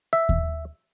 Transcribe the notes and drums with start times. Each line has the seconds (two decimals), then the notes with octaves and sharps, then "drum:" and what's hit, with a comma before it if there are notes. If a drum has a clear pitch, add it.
0.13 E5
0.29 drum: kick D#2